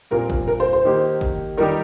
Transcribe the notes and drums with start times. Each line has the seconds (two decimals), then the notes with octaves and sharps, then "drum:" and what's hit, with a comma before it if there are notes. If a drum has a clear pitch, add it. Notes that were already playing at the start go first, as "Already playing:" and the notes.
0.11 A#2 G3 C4 F4 A#4
0.30 drum: kick
0.48 A#4
0.60 C5
0.73 C5
0.85 D#3 A#3 D#4 G4
1.21 drum: kick
1.57 D#3 G3 D#4 G4 A#4